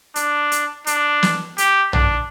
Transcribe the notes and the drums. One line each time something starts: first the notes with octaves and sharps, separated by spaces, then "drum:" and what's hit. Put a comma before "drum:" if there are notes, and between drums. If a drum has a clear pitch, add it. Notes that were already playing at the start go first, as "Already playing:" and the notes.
D4, drum: hi-hat
drum: hi-hat
D4, drum: hi-hat
drum: snare
G4, drum: hi-hat
D4, drum: tom A#1